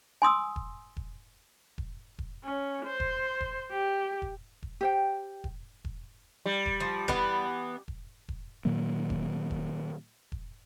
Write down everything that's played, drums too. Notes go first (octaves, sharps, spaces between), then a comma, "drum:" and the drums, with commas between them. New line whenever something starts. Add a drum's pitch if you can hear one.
G#5 C6 D#6 E6
drum: kick E1
drum: kick E1
drum: kick E1
drum: kick E1
C#4
C5
drum: kick E1
drum: kick E1
G4
drum: kick E1
drum: kick E1
G4 C5 G5
drum: kick E1
drum: kick E1
G3
drum: kick E1
F3
E3 B3, drum: kick E1
drum: kick E1
drum: kick E1
A#2 D#3 F#3 A#3
drum: kick E1
drum: kick E1
drum: kick E1